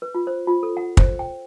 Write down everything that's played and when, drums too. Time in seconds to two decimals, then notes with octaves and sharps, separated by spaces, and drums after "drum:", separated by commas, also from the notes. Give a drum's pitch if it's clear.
0.02 B4
0.15 F4
0.27 C5
0.47 F4
0.63 A4
0.77 F#5
0.97 C5, drum: kick
1.19 G5